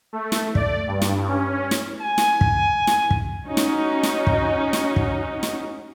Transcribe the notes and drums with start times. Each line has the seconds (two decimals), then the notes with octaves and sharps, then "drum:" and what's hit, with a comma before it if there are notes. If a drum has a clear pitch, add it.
0.13 A3
0.32 drum: snare
0.55 D5, drum: kick
0.87 G2
1.02 drum: snare
1.28 C#4
1.71 drum: snare
2.01 G#5
2.18 drum: snare
2.41 drum: kick
2.87 drum: snare
3.11 drum: kick
3.47 C#4 D#4 F#4
3.57 drum: snare
4.03 drum: snare
4.27 drum: kick
4.73 drum: snare
4.96 drum: kick
5.43 drum: snare